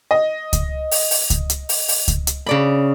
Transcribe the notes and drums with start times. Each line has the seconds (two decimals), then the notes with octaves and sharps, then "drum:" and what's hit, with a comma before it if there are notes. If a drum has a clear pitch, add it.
0.11 D#5
0.53 drum: kick C#2, hi-hat
0.91 drum: open hi-hat
1.11 drum: open hi-hat
1.30 drum: kick C#2, hi-hat
1.50 drum: hi-hat
1.69 drum: open hi-hat
1.88 drum: open hi-hat
2.08 drum: kick C#2, hi-hat
2.27 drum: hi-hat
2.46 C#3 D5 B5